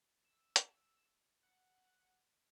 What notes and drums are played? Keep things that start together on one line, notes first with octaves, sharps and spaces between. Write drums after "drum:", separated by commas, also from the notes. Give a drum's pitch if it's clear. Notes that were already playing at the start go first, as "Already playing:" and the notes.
E6
drum: hi-hat
F#5